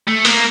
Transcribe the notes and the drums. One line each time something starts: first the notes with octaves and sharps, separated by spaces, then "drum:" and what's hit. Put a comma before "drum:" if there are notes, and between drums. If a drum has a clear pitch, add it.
A3
A#3, drum: open hi-hat